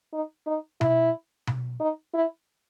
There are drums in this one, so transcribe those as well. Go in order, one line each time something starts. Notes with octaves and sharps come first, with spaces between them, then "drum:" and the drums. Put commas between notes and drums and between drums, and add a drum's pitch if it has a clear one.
D#4
D#4
E4, drum: tom B2
drum: tom B2
D#4
E4